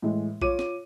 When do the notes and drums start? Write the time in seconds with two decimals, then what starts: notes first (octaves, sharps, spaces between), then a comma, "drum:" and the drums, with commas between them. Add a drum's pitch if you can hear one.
0.02 A2 E3 G#3
0.41 F4 C#5 D6 D#7, drum: kick A1
0.59 drum: snare